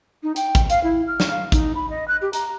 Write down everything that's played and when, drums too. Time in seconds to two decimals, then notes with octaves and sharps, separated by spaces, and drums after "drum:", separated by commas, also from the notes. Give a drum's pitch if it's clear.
0.23 D#4
0.36 G5, drum: hi-hat
0.55 drum: kick, hi-hat
0.70 F5, drum: hi-hat
0.83 E4
1.07 F6
1.20 drum: snare
1.30 F5
1.52 D#4, drum: kick, hi-hat
1.75 B5
1.90 D#5
2.08 F#6
2.22 G4
2.33 A#5, drum: hi-hat